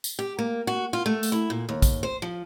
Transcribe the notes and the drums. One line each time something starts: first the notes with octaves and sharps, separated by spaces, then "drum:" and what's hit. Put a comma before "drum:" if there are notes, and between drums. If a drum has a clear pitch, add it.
drum: tambourine
G4
A#3
F#4
F4
A3
drum: tambourine
E4
A#2
D#2
drum: kick, tambourine
C5
F3